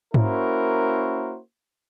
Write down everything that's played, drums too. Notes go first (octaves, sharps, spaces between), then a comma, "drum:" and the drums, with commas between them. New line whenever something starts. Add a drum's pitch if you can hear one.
A#3 C#4 E4 F#4 A#4 C5, drum: tom G#2